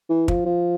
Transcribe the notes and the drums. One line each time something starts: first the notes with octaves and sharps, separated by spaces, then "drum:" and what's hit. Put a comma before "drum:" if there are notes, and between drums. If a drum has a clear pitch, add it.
E3
F3, drum: kick
F3